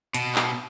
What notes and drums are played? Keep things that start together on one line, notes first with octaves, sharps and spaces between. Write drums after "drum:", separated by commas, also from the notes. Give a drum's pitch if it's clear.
B2, drum: hi-hat
drum: clap